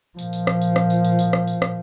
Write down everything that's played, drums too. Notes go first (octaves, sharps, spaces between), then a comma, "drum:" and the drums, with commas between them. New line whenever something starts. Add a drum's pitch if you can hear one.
A#2 F3, drum: tambourine
drum: tambourine
drum: rim click
drum: tambourine
drum: rim click
drum: tambourine
drum: tambourine
drum: tambourine
drum: rim click
drum: tambourine
drum: rim click